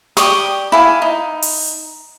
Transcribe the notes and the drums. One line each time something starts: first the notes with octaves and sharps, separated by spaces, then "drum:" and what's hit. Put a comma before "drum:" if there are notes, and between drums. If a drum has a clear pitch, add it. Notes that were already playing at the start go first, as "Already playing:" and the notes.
G4 D5 C#6 D#6, drum: snare
E4 F5 G#5
D#4
drum: open hi-hat